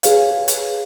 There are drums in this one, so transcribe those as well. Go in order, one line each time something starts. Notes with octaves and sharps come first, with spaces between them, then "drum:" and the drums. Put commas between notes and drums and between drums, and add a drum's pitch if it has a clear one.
G#4 B4 C#5 F5, drum: hi-hat
drum: hi-hat